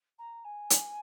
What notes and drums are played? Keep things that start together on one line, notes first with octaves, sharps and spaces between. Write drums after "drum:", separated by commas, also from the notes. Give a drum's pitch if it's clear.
A#5
G#5
drum: hi-hat